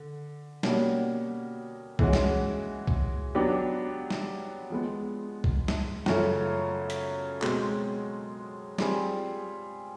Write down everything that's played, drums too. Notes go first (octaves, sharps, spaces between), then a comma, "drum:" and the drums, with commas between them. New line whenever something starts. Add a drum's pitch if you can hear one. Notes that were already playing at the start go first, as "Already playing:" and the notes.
Already playing: D3
B2 G3 A#3 C#4 F#4, drum: snare
E3 G#3 C#4 F#4, drum: kick C2
drum: snare
drum: kick C2
F#3 B3 D4 G4
drum: snare
F3 G#3 B3
drum: kick C2
drum: snare
F#2 C#3 F3 A3 C#4, drum: snare
drum: hi-hat
B2 G#3 C4, drum: clap
G3 C4 F4 G#4, drum: snare